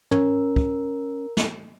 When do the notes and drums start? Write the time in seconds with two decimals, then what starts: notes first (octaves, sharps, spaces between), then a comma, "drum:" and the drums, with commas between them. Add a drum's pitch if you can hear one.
0.11 C#4 A#4, drum: tom
0.56 drum: kick
1.37 drum: snare